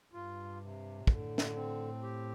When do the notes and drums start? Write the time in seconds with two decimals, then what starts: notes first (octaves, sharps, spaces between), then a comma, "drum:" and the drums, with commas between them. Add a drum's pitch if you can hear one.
0.13 G2 F4
0.60 C3
1.07 A2 D3, drum: kick
1.38 drum: snare
1.55 C4
2.02 G4